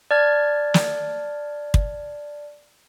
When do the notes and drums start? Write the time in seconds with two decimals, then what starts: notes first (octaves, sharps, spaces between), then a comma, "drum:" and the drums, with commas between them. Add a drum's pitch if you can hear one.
0.11 D5 A5 F6 G#6
0.74 drum: snare
1.74 drum: kick